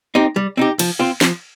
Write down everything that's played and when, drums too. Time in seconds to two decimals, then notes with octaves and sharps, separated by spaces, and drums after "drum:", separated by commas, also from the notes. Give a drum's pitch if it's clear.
0.15 C4 D#4 G4
0.36 G3
0.57 C4 D#4 G4
0.79 F3, drum: cymbal
1.00 C4 F4
1.21 F3, drum: snare